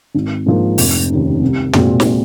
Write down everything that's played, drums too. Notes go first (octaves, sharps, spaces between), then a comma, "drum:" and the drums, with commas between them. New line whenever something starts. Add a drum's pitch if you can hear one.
G#1
G#2 F3 A#3
F1, drum: open hi-hat
D#2 C#3
C2
A#2 G#3 C4 F#4, drum: tom
drum: snare